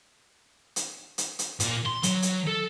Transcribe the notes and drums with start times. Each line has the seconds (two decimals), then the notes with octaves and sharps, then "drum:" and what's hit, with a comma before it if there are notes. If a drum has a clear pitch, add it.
0.76 drum: hi-hat
1.18 drum: hi-hat
1.39 drum: hi-hat
1.60 A#2, drum: hi-hat
1.85 C6
2.03 F#3, drum: hi-hat
2.22 drum: hi-hat
2.47 A4